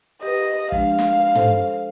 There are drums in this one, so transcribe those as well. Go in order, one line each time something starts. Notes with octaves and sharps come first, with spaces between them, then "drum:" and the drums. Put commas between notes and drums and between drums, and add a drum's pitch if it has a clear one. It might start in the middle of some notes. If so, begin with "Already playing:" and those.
G4 B4 D#5
F3 G#3 D4 F5, drum: kick
drum: snare
A4 C5, drum: tom